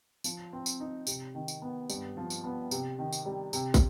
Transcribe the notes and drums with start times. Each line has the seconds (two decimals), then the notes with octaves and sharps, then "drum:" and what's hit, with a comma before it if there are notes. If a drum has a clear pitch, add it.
0.24 F3, drum: tambourine
0.53 C4
0.66 drum: tambourine
0.80 D#4
1.07 C3, drum: tambourine
1.35 D#3
1.48 drum: tambourine
1.62 B3
1.89 G2, drum: tambourine
2.17 F3
2.30 drum: tambourine
2.44 B3
2.71 C3, drum: tambourine
2.99 D#3
3.13 drum: tambourine
3.26 G3
3.53 C3, drum: tambourine
3.74 drum: kick, tambourine